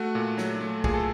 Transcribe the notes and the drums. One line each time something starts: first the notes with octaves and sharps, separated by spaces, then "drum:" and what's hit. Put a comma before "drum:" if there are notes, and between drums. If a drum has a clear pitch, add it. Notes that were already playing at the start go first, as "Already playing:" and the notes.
Already playing: A3 F#4
A#2
F#3, drum: snare
A3
A#2 G#4, drum: kick
A4